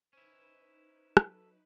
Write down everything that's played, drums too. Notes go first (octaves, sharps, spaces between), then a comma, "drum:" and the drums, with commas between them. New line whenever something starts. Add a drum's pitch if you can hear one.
C#4 D#4 E4 B4 C5
F#3 A4, drum: rim click